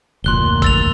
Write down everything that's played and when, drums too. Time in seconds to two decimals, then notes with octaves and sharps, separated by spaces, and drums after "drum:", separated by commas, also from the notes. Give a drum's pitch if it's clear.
0.24 F1 D2 A#2 C6 F#6 G7
0.62 E6 A6 F7, drum: kick G1, hi-hat